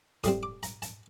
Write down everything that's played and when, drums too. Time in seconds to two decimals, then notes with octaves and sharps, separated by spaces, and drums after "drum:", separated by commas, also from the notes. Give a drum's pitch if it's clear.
0.24 A2 G3 C4 D#6, drum: kick, hi-hat
0.43 D6
0.63 A#5, drum: hi-hat
0.82 A5, drum: hi-hat